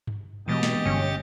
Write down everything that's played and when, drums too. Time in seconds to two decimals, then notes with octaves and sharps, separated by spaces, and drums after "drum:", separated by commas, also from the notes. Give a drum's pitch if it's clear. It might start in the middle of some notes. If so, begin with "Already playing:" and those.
0.07 drum: tom G2
0.48 B2 E3 G#3 B3 G4 D#5 A6
0.63 drum: snare
0.85 G1 C#4 C#7